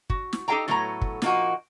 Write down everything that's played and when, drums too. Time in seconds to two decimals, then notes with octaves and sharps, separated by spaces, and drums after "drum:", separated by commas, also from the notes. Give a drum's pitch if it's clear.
0.10 F#4, drum: kick
0.33 drum: snare
0.48 D#4 G4 A4 F5 G5 A#5
0.68 A2 F#3 A3 B3 D#4 A#5
1.02 drum: kick
1.22 A#2 F3 A#3 C#4 D#4 F#4, drum: snare